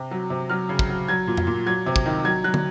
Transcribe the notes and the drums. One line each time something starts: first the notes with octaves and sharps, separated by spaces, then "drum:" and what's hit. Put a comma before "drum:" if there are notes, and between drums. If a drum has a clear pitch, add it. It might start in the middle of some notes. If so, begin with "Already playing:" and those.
Already playing: C3
F#3
C3
F#3 F6
C#3
drum: kick
F#3
F#3 G#6
A#2
drum: tom F2
A#2
F#3 G#6
C3
drum: kick
D#3
F#3 G#6
F#3 F#6
drum: tom